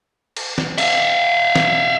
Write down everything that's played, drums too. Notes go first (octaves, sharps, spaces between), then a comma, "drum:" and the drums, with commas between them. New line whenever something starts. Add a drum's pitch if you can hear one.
drum: cymbal
drum: snare
E5 F5, drum: cymbal
drum: snare